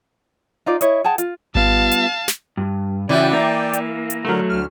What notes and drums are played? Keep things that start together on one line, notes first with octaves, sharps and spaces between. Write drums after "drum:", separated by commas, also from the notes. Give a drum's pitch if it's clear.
D#4 F4 D5
E4 C#5 D#5, drum: hi-hat
G#4 F#5 G5 A5
F4, drum: hi-hat
G3 B3 F4 F5 A5, drum: kick G#1
drum: hi-hat
drum: snare
G2
C#3 E3 C#4 F#4 D5 G5
A#3
drum: hi-hat
drum: hi-hat
D3 F#3 A3 A#4
D2 F6